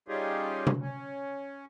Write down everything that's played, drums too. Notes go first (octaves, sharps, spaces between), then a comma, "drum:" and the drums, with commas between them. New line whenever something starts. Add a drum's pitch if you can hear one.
G3 C#4 D#4 F4 G4 G#4
drum: tom C3
C#4